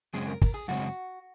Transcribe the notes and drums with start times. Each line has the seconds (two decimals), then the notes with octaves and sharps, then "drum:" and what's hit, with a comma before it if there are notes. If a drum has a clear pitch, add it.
0.13 F#2 C#3 G#3 C4 G#4
0.28 A#4
0.42 A#4, drum: kick
0.54 G#4
0.68 F#2 C#3 G#3 C4 F#4